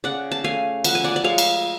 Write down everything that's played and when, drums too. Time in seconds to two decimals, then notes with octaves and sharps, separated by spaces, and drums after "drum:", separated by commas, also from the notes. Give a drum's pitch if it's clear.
0.04 C#3 D5 F#5
0.32 A5
0.44 A3 F5 G#5
0.84 F3 F#5, drum: cymbal
0.95 G#5
1.04 D5 F#5
1.16 D5
1.24 G#3 C#5 F5
1.38 drum: cymbal